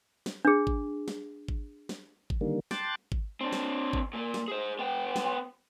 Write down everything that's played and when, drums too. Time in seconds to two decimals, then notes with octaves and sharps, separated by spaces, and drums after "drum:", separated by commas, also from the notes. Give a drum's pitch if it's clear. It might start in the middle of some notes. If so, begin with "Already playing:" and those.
0.26 drum: snare
0.45 D4 G#4
0.67 drum: kick G#1
1.08 drum: snare
1.48 drum: kick G#1
1.89 drum: snare
2.30 drum: kick G#1
2.41 D3 D#3 G3 A#3
2.71 G5 A5 C6 D6 F#6 A6, drum: snare
3.12 drum: kick G#1
3.41 C4 D4
3.53 drum: snare
3.93 drum: kick G#1
4.13 A#2 A#3
4.34 drum: snare
4.48 G#4 C5
4.79 B3 G5
5.16 drum: snare